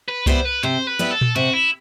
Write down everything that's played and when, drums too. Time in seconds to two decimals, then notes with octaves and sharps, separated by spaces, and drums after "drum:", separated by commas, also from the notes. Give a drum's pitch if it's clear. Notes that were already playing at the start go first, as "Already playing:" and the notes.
0.08 B4
0.26 G3 B3 E4 C5, drum: kick C2
0.45 B4
0.63 C3 C5
0.87 B4
0.99 G3 B3 E4
1.11 A4
1.21 drum: tom A#2
1.35 C3 F#4
1.53 E4